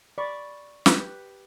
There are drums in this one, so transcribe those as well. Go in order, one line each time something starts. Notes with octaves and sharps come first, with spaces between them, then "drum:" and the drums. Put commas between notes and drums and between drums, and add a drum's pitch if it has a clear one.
D5 B5 C#6
G4 B4 F#6, drum: snare